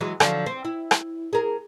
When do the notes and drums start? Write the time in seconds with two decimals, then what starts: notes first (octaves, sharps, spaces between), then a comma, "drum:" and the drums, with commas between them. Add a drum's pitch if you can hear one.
0.01 E3 F#3 G#3
0.20 D3 F3 F#3, drum: rim click
0.46 C4
0.65 E4
0.91 drum: rim click
1.33 G#4 A#4